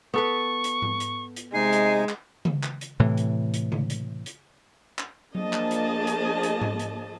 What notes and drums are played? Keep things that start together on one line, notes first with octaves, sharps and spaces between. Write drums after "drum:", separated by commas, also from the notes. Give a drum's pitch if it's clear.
B3 A4 B4 C#6
drum: hi-hat
drum: tom G#2
drum: hi-hat
drum: hi-hat
C3 G#3 D#4 G#5 C7
drum: hi-hat
drum: clap
drum: tom C#3
drum: clap
drum: hi-hat
A2 C3 E3
drum: hi-hat
drum: hi-hat
drum: tom C#3
drum: hi-hat
drum: hi-hat
drum: clap
F3 A#3 D4 G#4 D#5 A5, drum: tom F#3
drum: clap
drum: hi-hat
drum: hi-hat
drum: hi-hat
drum: tom G#2
drum: hi-hat